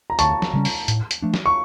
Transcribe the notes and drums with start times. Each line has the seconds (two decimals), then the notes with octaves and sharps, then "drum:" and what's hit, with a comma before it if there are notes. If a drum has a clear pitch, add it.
0.10 A#5
0.19 D2 A5 C#6, drum: hi-hat
0.42 drum: snare
0.53 C#3 G3 C#4
0.65 drum: open hi-hat
0.88 A2, drum: hi-hat
1.11 drum: hi-hat
1.22 F3 A3 D4
1.34 drum: snare
1.46 C#6